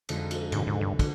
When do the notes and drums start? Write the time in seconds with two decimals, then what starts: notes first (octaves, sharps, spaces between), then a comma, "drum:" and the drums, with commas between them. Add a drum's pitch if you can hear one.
0.09 F2 D3 G#3 D#4, drum: cymbal
0.31 drum: cymbal
0.52 F1 D#2 G#2 D3, drum: cymbal
0.67 G#2
0.81 G2
0.99 D3, drum: kick, cymbal